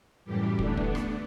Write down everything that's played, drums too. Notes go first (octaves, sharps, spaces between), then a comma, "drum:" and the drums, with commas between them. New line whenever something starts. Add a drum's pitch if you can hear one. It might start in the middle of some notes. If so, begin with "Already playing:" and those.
F#2 A2 E3 G3 G4
D3 A3 B3 D4, drum: kick
drum: kick
drum: rim click